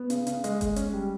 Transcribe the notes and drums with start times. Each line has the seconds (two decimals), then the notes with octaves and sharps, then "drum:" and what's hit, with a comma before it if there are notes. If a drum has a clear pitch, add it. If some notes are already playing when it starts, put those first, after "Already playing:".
Already playing: B3
0.10 C#3, drum: hi-hat
0.27 C#3, drum: hi-hat
0.44 G#3, drum: hi-hat
0.61 G#3, drum: kick F#1, hi-hat
0.76 C#4, drum: hi-hat
0.93 G3